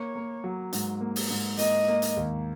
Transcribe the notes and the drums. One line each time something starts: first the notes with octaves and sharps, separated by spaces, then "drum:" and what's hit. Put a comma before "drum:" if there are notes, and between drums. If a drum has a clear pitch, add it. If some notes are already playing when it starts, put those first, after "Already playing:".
Already playing: A#3 C#5
A#3
F#3
G#2, drum: hi-hat
A#3
drum: open hi-hat
G#2
A#3 D#5, drum: hi-hat
A#3
drum: hi-hat
D#2